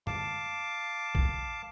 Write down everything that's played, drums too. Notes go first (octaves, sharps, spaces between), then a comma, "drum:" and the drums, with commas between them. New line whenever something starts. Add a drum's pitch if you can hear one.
F5 A5 D6, drum: tom F#2
drum: kick